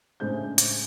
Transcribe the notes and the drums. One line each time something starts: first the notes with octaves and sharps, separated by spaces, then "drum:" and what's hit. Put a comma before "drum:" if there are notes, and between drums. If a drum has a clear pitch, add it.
A2 C#3 G#3 D4 C5 G6
drum: hi-hat